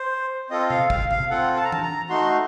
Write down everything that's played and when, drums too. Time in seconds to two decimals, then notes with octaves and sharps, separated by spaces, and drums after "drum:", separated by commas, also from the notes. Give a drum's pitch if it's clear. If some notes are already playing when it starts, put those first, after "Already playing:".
Already playing: C5
0.50 C4 F4 A4 D#5
0.70 F5, drum: tom C3
0.90 F5, drum: kick
1.11 F5, drum: tom C3
1.30 C4 F4 A4 F#5
1.57 A5
1.64 A#5
1.72 A5, drum: tom E3
1.83 A#5
2.09 A3 D#4 F#4 C6